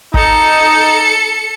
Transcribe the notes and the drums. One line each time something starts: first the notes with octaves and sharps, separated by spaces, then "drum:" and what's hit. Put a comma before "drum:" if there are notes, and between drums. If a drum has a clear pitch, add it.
D#4 A4 C#7, drum: kick